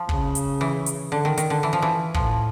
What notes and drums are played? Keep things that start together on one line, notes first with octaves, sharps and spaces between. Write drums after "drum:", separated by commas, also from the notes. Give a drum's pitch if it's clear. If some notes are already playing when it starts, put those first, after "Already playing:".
Already playing: F3
C#3, drum: kick
drum: hi-hat
E3
drum: hi-hat
D3
D#3
D#3, drum: hi-hat
D3
E3
F3
E3
A2 F3, drum: kick